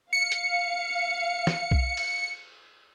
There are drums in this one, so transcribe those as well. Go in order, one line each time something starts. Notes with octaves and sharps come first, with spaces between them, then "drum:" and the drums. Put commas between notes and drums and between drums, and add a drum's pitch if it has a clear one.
F5 C#7
drum: hi-hat
drum: snare
drum: kick B1
drum: cymbal